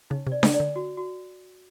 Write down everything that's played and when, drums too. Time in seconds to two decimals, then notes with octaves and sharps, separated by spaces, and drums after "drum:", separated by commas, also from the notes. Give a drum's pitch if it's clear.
0.10 C#3 D#4
0.27 C3
0.32 D5
0.43 C#3, drum: snare D4
0.54 D5
0.60 D3
0.76 F#4
0.97 F#4